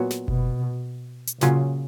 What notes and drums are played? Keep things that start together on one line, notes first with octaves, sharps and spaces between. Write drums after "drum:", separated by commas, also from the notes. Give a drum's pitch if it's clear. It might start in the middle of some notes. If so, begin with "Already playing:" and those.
Already playing: A#2 F#3 B3 F#4
drum: snare
B2, drum: kick F#1
drum: hi-hat
A#2 C#3 F#3 C#4 F4, drum: snare